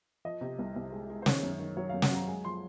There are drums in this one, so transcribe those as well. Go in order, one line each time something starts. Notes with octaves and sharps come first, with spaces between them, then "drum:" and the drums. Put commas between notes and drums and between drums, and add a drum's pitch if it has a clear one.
F3 D#5
C3
C2
C2
G#3
G#3
C5
D#3 C#5, drum: snare
F#2
D#3
F#3 C#5
F5
F#2
F#5, drum: snare
F#3 A#5
G#3 G#5
F3 C6